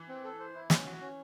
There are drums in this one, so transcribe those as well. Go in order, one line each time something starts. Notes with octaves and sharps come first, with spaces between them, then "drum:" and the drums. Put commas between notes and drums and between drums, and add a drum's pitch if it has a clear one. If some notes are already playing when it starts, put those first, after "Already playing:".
Already playing: E3
C4
A4
C5
E4
C#4, drum: snare
F#4
C#4